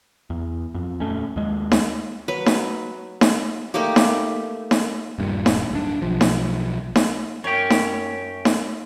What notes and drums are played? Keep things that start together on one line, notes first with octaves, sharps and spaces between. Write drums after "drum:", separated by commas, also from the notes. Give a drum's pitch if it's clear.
E2
F2
D#1 G#1 A3 C#4
D#2 G#3
drum: snare D#4
F#3 B4
drum: snare D#4
drum: snare D#4
A3 A#3 D#4 G4
drum: snare D#4
drum: snare D#4
D#1 G2 A#2
drum: snare D#4
D1 D4
B1 F3
drum: snare D#4
drum: snare D#4
F#2 C#4 G4 C#5
drum: snare D#4
drum: snare D#4